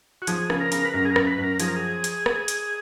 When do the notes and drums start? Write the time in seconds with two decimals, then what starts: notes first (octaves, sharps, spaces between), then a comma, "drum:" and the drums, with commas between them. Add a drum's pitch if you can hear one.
0.22 F#4
0.27 F3 G#4, drum: hi-hat
0.50 C#3, drum: rim click
0.60 A#4
0.72 C#3, drum: hi-hat
0.85 B4
0.93 F#2 A#4
1.05 G#4
1.10 A#4
1.16 F#2, drum: rim click
1.27 B4
1.38 F#2 A#4
1.60 F3 G#4, drum: hi-hat
1.68 A#4
1.76 G#4
2.04 drum: hi-hat
2.26 drum: rim click
2.48 drum: hi-hat